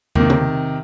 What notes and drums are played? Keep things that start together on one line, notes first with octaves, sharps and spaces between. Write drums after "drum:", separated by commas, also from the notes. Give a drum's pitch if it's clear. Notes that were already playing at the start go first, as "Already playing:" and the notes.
C3 D#3 A#3, drum: tom
drum: tom